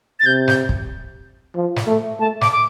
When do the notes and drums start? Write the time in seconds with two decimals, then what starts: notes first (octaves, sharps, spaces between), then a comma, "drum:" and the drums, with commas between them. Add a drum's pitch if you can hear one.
0.20 A6
0.26 C3 G6
0.48 G6, drum: snare
0.69 drum: kick
1.55 F3
1.76 drum: snare
1.87 A3
2.20 A3 A5
2.41 D6, drum: snare
2.52 D6